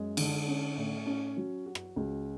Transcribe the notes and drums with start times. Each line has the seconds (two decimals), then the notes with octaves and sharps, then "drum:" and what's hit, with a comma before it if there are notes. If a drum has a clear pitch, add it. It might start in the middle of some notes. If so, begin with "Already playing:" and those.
Already playing: F#2 G#3
0.17 D3, drum: cymbal
0.48 C#4
0.77 A2
1.07 C#4
1.37 F#3
1.66 F#4
1.75 drum: rim click
1.96 C#2